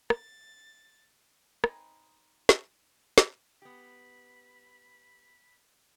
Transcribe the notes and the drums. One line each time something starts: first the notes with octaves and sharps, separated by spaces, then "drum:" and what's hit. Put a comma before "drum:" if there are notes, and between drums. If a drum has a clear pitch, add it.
A6, drum: rim click
C4 D#4 B4 D#5 G#5, drum: rim click
drum: snare
drum: snare
B3 G4 B5